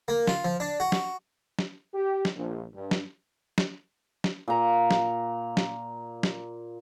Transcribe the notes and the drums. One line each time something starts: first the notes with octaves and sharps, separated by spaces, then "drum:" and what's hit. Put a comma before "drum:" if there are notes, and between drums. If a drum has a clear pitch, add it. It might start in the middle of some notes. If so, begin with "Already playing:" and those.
A#3
F4, drum: snare
F3
D4
F#4
drum: snare
drum: snare
G4
drum: snare
A#1
G2
drum: snare
drum: snare
drum: snare
A#2 A#5
drum: snare
drum: snare
drum: snare